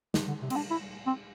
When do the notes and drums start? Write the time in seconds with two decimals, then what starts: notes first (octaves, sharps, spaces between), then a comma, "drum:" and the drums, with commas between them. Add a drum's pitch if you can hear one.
0.14 D3, drum: snare
0.28 D3
0.42 C3
0.50 C4, drum: cymbal
0.56 D4
0.70 E4
1.07 C4